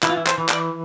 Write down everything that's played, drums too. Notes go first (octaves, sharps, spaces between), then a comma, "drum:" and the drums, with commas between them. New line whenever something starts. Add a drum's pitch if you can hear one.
E3 E4, drum: clap
F4
E4
C5, drum: clap
E3
D5, drum: clap